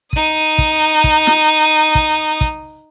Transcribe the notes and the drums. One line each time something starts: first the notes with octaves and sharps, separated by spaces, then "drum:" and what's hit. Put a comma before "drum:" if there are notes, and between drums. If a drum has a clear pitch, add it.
D#4 D#6, drum: kick
drum: kick
drum: kick
drum: snare
drum: kick
drum: kick